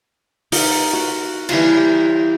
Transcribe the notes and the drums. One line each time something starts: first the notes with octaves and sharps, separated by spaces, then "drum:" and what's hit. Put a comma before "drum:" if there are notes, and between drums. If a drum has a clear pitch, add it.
D#4 F4 G4 A#4, drum: open hi-hat
F#4 A#4
E3 G3 A#3 F4, drum: cymbal
G4